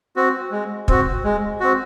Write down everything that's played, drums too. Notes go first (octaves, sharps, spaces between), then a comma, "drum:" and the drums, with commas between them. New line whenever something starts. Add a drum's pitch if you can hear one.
C4 F#4
G#3
C4 F#4, drum: kick
G#3
C4 F#4